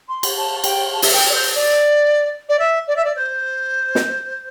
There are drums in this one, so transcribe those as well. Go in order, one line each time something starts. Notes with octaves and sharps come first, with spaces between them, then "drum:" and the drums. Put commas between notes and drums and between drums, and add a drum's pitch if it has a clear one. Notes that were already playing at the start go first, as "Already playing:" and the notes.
C6
drum: cymbal
A5
G5, drum: cymbal
A5
E5, drum: open hi-hat
G5
D5
C5
D5
D5
E5
D5
E5
D5
C5
drum: snare